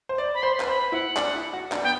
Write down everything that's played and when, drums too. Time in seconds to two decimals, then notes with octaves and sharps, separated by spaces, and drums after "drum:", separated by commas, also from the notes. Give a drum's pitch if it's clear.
0.09 C5
0.18 D5
0.34 B5
0.42 C5 C6
0.60 B4, drum: clap
0.67 C5 B5
0.92 E4 F#5
1.17 D4, drum: clap
1.35 E4
1.53 F#4
1.72 D4, drum: clap
1.83 B3 G5